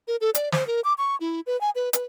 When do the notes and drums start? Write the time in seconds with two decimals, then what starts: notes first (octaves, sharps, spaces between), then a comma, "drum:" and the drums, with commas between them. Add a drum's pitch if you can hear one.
0.08 A#4
0.21 A4
0.35 D5, drum: hi-hat
0.52 C5, drum: snare
0.67 A#4
0.84 D6
0.98 C#6
1.21 E4
1.47 B4
1.61 G#5
1.75 B4
1.93 B4, drum: hi-hat